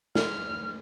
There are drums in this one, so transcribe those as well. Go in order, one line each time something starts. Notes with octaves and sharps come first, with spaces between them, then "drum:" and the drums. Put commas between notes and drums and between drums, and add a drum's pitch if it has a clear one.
F6, drum: snare